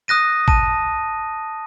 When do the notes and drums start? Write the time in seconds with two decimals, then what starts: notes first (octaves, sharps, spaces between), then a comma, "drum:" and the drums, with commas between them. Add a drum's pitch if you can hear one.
0.08 D#6 F#6 A#6 D#7
0.48 A5 D#7, drum: kick